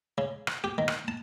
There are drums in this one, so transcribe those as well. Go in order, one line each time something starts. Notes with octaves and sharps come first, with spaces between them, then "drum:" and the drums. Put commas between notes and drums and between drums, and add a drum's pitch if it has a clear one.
C#3
drum: rim click
G4
D#3
drum: rim click
A5